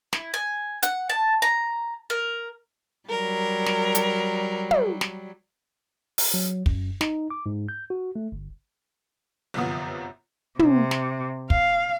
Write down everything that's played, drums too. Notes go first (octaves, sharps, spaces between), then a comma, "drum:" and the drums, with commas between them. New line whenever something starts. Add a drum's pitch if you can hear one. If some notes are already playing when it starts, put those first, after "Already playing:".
E4, drum: snare
G#5
F#5, drum: hi-hat
A5
A#5
A#4
F#3 G3 A#4
drum: snare
drum: hi-hat
drum: tom
drum: snare
drum: open hi-hat
F#3
F#2, drum: kick
D#4, drum: snare
D6
G#2
G6
F#4
A3
G1
G1 F#2 C3 F3 B3 D#6
C3, drum: tom
drum: snare
F5, drum: kick